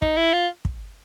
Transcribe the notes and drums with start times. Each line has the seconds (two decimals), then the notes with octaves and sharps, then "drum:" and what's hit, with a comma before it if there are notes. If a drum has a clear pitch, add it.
0.02 D#4, drum: kick
0.17 E4
0.33 F4
0.65 drum: kick